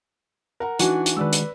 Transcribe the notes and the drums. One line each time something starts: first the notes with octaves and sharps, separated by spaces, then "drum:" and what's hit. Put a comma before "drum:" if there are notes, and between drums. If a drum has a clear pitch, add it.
A#4 F#5 A#5
E3 D4 D#4 F#4 G#5, drum: hi-hat
drum: hi-hat
D#3 G#3 B4 D5 E6
drum: hi-hat